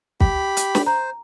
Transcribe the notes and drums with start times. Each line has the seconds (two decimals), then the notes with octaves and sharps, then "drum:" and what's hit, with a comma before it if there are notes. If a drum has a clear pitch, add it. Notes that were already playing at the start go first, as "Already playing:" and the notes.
0.20 G4 B5, drum: kick
0.57 drum: hi-hat
0.75 drum: snare
0.86 C5 A#5